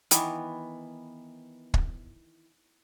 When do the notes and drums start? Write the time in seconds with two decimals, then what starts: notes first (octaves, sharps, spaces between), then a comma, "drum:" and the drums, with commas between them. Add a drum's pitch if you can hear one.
0.11 D#3 E3 B3, drum: hi-hat
1.74 drum: kick